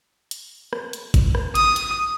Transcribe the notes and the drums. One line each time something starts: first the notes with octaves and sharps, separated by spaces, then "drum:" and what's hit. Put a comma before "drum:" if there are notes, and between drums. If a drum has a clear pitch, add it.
drum: hi-hat
drum: rim click
drum: hi-hat
drum: kick, hi-hat
drum: rim click
D#6, drum: hi-hat
drum: hi-hat